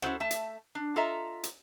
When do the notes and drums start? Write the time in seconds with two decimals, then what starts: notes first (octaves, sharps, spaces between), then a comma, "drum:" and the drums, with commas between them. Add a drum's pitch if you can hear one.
0.02 C#4 E4 F#4 A4 C5 F#5, drum: rim click
0.20 A3 E5 A5
0.31 drum: hi-hat
0.75 D4
0.96 F4 A4 D#5 E5 A#5
1.43 drum: hi-hat